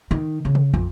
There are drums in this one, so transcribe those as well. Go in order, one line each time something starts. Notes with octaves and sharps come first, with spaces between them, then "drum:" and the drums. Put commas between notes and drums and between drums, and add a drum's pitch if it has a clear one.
D#3
C#3
drum: tom
F2, drum: kick